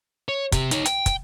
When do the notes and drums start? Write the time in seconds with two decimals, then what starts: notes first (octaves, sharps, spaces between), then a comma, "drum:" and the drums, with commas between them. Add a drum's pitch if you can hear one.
0.29 C#5
0.52 C3 G4, drum: kick, hi-hat
0.71 D#4 C#5, drum: hi-hat
0.86 G5, drum: hi-hat
1.06 drum: kick, hi-hat